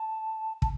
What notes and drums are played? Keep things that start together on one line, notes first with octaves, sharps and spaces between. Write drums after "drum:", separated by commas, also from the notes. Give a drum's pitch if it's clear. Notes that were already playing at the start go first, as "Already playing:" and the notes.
Already playing: A5
A5, drum: kick